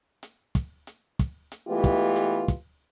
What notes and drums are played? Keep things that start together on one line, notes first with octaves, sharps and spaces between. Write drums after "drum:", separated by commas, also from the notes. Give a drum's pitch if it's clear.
drum: hi-hat
drum: kick, hi-hat
drum: hi-hat
drum: kick, hi-hat
drum: hi-hat
E3 G#3 A3 B3 F4 G4
drum: kick, hi-hat
drum: hi-hat
drum: kick, hi-hat